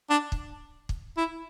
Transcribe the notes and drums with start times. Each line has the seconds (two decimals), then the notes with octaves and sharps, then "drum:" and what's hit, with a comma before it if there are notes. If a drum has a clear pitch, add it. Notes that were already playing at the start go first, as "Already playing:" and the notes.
0.10 D4
0.32 drum: kick
0.89 drum: kick
1.17 E4